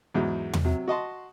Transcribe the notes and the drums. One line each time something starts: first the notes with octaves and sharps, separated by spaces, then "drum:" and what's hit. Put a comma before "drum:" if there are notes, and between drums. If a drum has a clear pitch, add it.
E2 G#2 F#3
drum: tom E2
C3 F#3
F#4 D#5 A5 C6